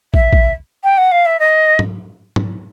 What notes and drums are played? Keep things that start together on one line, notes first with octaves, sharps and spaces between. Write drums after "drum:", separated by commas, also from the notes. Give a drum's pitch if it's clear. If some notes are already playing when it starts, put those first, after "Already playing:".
E5, drum: kick
drum: kick
G5
F#5
F5
E5
D#5
drum: tom
drum: tom